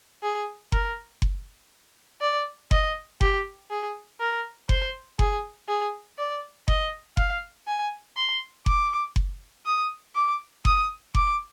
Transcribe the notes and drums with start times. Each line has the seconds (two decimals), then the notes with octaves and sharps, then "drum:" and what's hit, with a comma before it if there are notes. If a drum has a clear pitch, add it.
0.23 G#4
0.72 A#4, drum: kick F#1
1.22 drum: kick F#1
2.21 D5
2.71 D#5, drum: kick F#1
3.21 G4, drum: kick F#1
3.70 G#4
4.20 A#4
4.69 C5, drum: kick F#1
5.19 G#4, drum: kick F#1
5.68 G#4
6.18 D5
6.68 D#5, drum: kick F#1
7.17 F5, drum: kick F#1
7.67 G#5
8.17 C6
8.66 D6, drum: kick F#1
9.16 drum: kick F#1
9.66 D#6
10.15 D6
10.65 D#6, drum: kick F#1
11.15 D6, drum: kick F#1